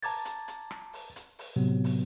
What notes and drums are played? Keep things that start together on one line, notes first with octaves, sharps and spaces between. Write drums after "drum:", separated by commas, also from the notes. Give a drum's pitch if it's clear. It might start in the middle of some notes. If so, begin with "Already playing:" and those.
A5 A#5 D6 G#6 A6, drum: open hi-hat
drum: hi-hat
drum: hi-hat
drum: rim click
drum: open hi-hat
drum: hi-hat
drum: open hi-hat
A2 C3 F#3 B3
drum: open hi-hat